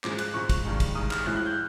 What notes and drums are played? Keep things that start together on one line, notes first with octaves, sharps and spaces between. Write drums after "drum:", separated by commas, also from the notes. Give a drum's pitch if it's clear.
G#2 F3 G#3 D6, drum: clap
F#6, drum: cymbal
G#2 F3 G#3 C#6
drum: kick, cymbal
G2 D#3 G#3
drum: kick, cymbal
G2 D#3 G#3 D#6
F6, drum: clap
A2 F3 G#3 F#6
F#6
G6